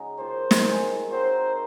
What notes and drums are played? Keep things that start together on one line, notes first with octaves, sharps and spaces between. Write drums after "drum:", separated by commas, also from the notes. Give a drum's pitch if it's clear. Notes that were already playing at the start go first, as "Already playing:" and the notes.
Already playing: C#3 G#3 D#4 F#4
D#3 A#3 F4 A#4 C5
drum: snare
D#3 G#3 C4
F#3 C4 F#4 A#4 C5